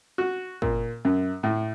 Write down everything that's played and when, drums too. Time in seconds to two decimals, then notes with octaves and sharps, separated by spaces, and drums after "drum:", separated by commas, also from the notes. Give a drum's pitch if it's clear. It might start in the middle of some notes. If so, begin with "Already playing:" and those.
0.18 F#4
0.62 A#2, drum: kick
1.05 F#2
1.43 A2